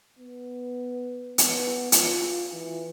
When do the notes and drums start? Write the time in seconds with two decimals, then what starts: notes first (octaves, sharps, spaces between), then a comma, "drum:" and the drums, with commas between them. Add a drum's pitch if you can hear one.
0.19 B3
1.38 B3, drum: hi-hat
1.92 F4, drum: hi-hat
2.52 E3